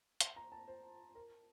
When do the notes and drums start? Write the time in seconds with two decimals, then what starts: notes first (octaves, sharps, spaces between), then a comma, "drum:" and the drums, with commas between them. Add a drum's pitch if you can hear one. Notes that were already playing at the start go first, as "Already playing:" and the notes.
0.20 C6, drum: hi-hat
0.36 A#5
0.52 A5
0.68 C5
1.15 A#4